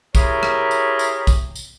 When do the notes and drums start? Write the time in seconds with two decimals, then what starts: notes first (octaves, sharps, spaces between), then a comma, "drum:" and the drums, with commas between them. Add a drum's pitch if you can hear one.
0.15 E4 G4 G#4 A#4 C#5, drum: kick, tambourine
0.43 drum: rim click
0.71 drum: tambourine
0.99 drum: tambourine
1.27 drum: kick, tambourine
1.55 drum: tambourine